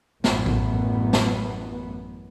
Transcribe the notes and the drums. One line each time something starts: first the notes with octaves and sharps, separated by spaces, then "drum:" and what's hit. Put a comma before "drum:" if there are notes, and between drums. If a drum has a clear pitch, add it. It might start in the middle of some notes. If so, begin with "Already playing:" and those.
A1 F#2 B3, drum: snare
drum: kick A1
drum: snare